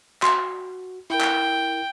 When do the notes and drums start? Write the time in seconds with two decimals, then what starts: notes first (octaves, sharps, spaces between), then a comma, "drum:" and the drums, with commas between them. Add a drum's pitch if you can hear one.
0.22 F#4 C6, drum: clap
1.10 E4 A#4 G5
1.21 drum: clap